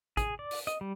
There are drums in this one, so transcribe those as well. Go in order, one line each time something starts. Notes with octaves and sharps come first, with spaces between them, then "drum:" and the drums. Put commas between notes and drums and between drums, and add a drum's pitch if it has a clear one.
G#4, drum: kick, hi-hat
D5
drum: open hi-hat
D#5, drum: hi-hat
G3